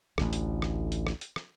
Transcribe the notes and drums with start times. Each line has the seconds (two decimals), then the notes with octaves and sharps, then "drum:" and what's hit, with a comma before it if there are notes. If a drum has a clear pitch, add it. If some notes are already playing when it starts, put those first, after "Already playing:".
0.18 A1 D2, drum: rim click
0.33 drum: hi-hat
0.62 drum: rim click
0.92 drum: hi-hat
1.07 drum: rim click
1.21 drum: hi-hat
1.36 drum: rim click